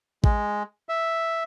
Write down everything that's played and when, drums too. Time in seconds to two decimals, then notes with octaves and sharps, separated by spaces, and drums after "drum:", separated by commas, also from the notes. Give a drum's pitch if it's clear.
0.24 G#3, drum: kick A1
0.89 E5